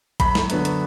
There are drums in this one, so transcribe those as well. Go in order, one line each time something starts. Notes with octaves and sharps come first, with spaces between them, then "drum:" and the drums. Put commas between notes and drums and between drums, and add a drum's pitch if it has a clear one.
F#2 B5, drum: kick A1, hi-hat
drum: snare
D3 F#3 B3 D4, drum: hi-hat
drum: hi-hat